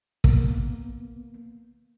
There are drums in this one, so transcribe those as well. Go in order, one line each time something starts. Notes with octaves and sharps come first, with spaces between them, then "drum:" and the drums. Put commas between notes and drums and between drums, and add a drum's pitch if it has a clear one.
A#3 B3, drum: kick